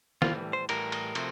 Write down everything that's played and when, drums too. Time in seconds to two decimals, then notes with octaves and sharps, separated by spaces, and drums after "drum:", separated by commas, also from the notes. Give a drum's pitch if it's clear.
0.22 A2 E3 G3 F4, drum: snare
0.53 C5
0.69 A2 E3 G3 A#4, drum: cymbal
0.92 drum: cymbal
1.15 C3 F3 A3, drum: cymbal